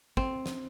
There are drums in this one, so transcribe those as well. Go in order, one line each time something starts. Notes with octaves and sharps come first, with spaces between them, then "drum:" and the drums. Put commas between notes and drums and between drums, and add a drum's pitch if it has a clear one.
C4, drum: kick
drum: snare